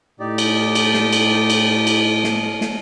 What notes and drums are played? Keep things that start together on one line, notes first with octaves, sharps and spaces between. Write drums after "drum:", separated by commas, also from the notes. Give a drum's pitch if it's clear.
A2 D#4 G4 D5
drum: cymbal
drum: cymbal
drum: snare
drum: cymbal
drum: cymbal
drum: cymbal
drum: snare
drum: snare